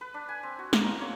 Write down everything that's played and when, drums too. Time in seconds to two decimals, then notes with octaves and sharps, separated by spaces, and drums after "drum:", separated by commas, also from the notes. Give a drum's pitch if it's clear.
0.01 B4
0.14 D4
0.29 G#5
0.43 C4
0.59 F#4
0.73 A#3, drum: snare
0.84 A#5
1.01 C#5